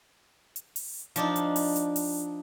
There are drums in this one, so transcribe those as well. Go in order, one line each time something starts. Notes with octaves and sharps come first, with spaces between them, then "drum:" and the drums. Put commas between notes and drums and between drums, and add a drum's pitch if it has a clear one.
drum: hi-hat
drum: open hi-hat
F3 D4 D#4, drum: hi-hat
drum: hi-hat
drum: open hi-hat
drum: hi-hat
drum: open hi-hat